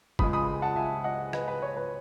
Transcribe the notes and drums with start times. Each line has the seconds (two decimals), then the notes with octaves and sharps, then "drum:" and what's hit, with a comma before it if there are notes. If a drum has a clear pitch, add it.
0.19 C#2 C#3 G#3 B5 D#6, drum: kick
0.33 B5 D#6
0.62 F#5 A5
0.76 E5 G#5
1.04 D#5 F#5
1.33 B4 D#5, drum: rim click
1.48 B4
1.62 C#5
1.77 B4